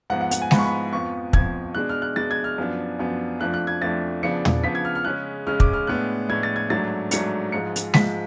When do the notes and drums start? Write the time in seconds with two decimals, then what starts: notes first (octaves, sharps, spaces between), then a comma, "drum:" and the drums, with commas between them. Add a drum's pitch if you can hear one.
0.10 G#2 F3 B3 F#5
0.21 F#5
0.31 F#5, drum: hi-hat
0.42 G#5
0.51 G#2 F3 B3 B5, drum: snare G#3
0.59 C#6
0.65 B5
0.92 F2 F3 B3 C#6
1.33 F2 F3 B3 G#6, drum: kick
1.75 B2 G#3 D4 F#6
1.89 F6
2.02 F#6
2.16 B2 G#3 D4 A6
2.31 G#6
2.44 F6
2.58 F#2 F3 B3 D4
2.99 F#2 F3 B3 D4
3.40 F2 F3 A3 D4 F#6
3.54 F#6
3.67 G#6
3.81 F2 F3 A3 D4 A6
4.23 C#3 F3 B3 D4 C#7
4.45 drum: tom
4.64 C#3 F3 B3 D4 B6
4.75 G#6
4.85 F6
4.95 F6
5.05 C#3 G#3 C#4 F#6
5.47 C#3 G#3 C#4 F6
5.60 D6, drum: kick
5.73 F6
5.87 A2 G#3 B3 D4 F#6
6.29 A2 G#3 B3 D4 G#6
6.43 A6
6.56 G#6
6.70 G#2 F#3 A3 D4 A6
7.11 G#2 F#3 A3 D4 C#7, drum: hi-hat
7.52 G#2 F3 G#3 C#7
7.76 drum: hi-hat
7.94 G#2 F3 G#3 B6, drum: snare G#3